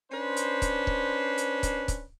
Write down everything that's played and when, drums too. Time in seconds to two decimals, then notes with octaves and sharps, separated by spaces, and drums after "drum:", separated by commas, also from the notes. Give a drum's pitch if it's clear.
0.11 C#4 D4 B4 C5
0.37 drum: hi-hat
0.62 drum: kick, hi-hat
0.87 drum: kick
1.38 drum: hi-hat
1.63 drum: kick, hi-hat
1.88 drum: kick, hi-hat